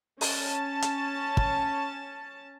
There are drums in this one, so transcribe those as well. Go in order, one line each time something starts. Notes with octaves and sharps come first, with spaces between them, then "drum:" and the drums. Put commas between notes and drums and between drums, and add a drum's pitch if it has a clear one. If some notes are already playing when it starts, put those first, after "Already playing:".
C#4 A5, drum: open hi-hat
drum: hi-hat
drum: kick